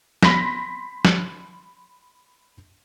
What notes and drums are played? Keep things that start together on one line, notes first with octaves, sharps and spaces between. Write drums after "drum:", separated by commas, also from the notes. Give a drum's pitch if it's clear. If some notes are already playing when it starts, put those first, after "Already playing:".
B5 C6 A#6 B6, drum: snare
drum: snare